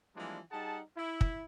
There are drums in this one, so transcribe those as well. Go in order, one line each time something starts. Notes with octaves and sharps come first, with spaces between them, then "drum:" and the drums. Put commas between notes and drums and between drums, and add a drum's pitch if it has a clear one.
E3 F3 G3 G#3 A#3 D4
G3 D#4 G#4 F#5 A5
E4
drum: kick